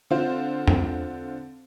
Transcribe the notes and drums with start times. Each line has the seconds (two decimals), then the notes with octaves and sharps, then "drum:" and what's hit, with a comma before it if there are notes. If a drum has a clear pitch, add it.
0.11 D3 C4 F4 C5
0.67 drum: tom E2